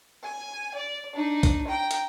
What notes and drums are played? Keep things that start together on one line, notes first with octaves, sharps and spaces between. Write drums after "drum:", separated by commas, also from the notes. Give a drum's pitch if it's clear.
G#5
D5
D4 D#4
drum: kick B1, hi-hat
G5 A#5
drum: hi-hat